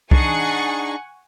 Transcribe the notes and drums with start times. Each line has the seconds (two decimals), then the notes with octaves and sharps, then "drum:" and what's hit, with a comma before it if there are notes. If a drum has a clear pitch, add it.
0.11 D4 D#4 G#4 F#5 G#5 C#6, drum: kick